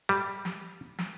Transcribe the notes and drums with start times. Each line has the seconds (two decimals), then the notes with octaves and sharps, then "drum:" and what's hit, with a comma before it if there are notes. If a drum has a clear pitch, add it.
0.09 G3
0.45 drum: snare
0.99 drum: snare